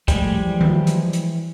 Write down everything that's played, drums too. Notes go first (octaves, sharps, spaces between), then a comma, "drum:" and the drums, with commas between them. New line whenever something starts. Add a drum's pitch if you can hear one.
A2 F3 G3 G#3, drum: kick, hi-hat
E3
drum: tom D#3
drum: hi-hat
drum: hi-hat